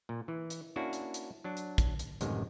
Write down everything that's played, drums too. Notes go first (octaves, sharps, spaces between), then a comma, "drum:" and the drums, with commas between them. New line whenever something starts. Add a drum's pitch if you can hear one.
A#2
E3
drum: hi-hat
A#3 C#4 D4 E4 F#4
drum: hi-hat
drum: hi-hat
F#3 D4
drum: hi-hat
drum: kick, hi-hat
drum: hi-hat
A1 F#2 C3 D#3 G#3, drum: hi-hat